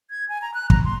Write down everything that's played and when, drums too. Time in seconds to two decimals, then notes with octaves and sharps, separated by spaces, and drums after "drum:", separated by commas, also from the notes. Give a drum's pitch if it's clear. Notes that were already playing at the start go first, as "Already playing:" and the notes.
0.10 G#6
0.29 G#5
0.42 A#5
0.54 F#6
0.70 A#5, drum: kick
0.85 C6